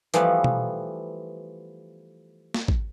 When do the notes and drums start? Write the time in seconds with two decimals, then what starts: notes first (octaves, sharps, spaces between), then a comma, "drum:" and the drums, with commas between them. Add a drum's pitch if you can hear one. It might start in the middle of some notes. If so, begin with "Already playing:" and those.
0.14 E3 F3 G3 A3 B3, drum: hi-hat
0.44 drum: tom B2
2.54 drum: snare
2.68 drum: kick